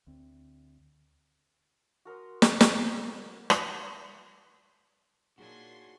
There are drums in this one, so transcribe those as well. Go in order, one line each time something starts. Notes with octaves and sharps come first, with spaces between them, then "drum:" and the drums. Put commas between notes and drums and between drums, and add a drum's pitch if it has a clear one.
D2 C4
F#4 A#4 C6 D#6
drum: snare
drum: snare
drum: rim click
A#2 D4 D#4 F#4 G#4 C#5 G#5 C6